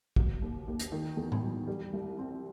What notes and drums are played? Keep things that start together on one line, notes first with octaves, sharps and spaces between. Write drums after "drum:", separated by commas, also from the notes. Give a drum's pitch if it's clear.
F#3, drum: kick
D#2
D#2
drum: hi-hat
D#3
E2
drum: tom A2
F#3
G3
C2
C4